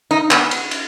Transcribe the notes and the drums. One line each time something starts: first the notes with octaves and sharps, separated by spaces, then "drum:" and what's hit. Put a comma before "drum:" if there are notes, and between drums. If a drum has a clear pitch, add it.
D#4
B3, drum: clap
drum: cymbal
drum: cymbal